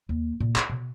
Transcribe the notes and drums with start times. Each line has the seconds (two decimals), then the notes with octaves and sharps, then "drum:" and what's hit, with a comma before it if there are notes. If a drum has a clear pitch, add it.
0.09 D#2
0.40 A#2
0.56 E4, drum: clap
0.69 B2